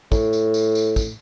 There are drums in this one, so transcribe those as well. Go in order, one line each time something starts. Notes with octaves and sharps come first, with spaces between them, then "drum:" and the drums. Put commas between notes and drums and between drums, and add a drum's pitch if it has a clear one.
A2, drum: kick, tambourine
drum: tambourine
drum: tambourine
drum: tambourine
drum: kick, tambourine